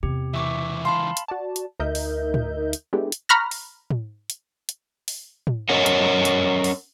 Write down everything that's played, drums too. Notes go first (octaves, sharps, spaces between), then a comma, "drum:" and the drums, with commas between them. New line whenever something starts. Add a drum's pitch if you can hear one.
E2 C3 G4
C#2 E3 E5 C#6 D6
F5 A5 B5 C6
drum: hi-hat
F#4 D5 A5
drum: hi-hat
D2 D#4 A#4 D#5 E5 G6
drum: open hi-hat
drum: tom
drum: hi-hat
G#3 A3 B3 D4 E4 G4
drum: hi-hat
A#5 B5 C#6 F6 F#6 A#6
drum: open hi-hat
drum: tom
drum: hi-hat
drum: hi-hat
drum: open hi-hat
drum: tom
C#4 A#4 C#5 D#5 F#5
drum: hi-hat
drum: hi-hat
drum: open hi-hat